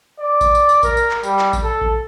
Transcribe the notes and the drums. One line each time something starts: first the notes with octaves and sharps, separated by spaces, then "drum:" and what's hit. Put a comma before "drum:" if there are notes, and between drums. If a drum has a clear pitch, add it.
D5
drum: kick A1, tambourine
drum: tambourine
drum: tambourine
A#4, drum: kick A1, tambourine
drum: tambourine
drum: clap
G3, drum: tambourine
drum: clap
drum: kick A1, tambourine
A4
drum: kick A1